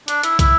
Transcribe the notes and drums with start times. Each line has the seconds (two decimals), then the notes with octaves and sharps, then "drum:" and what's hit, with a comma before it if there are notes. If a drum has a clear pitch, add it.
0.08 D4, drum: hi-hat
0.23 E4, drum: hi-hat
0.39 E4, drum: kick, hi-hat